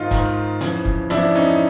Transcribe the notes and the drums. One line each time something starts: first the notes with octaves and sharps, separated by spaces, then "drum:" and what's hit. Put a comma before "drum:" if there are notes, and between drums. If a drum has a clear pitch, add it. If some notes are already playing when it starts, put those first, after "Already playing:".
Already playing: G#2 D#3 D#4 F4
G#2 D#3, drum: kick, hi-hat
F2 C#3 E3, drum: hi-hat
drum: kick
F2 C#3 E3 D4 E4, drum: hi-hat
C#4 D#4